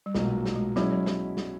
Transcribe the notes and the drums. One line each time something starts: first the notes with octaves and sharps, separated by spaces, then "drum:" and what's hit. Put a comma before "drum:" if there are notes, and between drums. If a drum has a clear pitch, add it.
G3
B1 A#2 F#3 G#3, drum: snare
A3
drum: snare
G#3
B2 F#3 G#3 C#4 E4, drum: snare
F#3
drum: snare
drum: snare